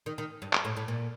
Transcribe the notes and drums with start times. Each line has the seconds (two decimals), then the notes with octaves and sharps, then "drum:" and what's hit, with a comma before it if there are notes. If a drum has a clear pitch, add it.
0.06 D#3
0.18 D#3
0.42 G2
0.53 drum: clap
0.65 A2
0.77 A2
0.88 A#2